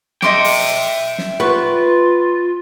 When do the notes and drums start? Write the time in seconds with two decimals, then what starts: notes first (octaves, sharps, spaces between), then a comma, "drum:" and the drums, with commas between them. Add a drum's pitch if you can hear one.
0.22 D#5 E5 G5 C6 D6, drum: snare
0.44 drum: open hi-hat
1.18 drum: snare
1.40 F4 B4 F#5 C#6